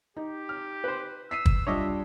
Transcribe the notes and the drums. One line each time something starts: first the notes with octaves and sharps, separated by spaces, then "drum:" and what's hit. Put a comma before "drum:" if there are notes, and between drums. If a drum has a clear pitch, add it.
D#4 G4
F6
B4 C5
E6 B6 C7 D#7
drum: kick
G3 D4 F4 C#5 D#5 E5 D6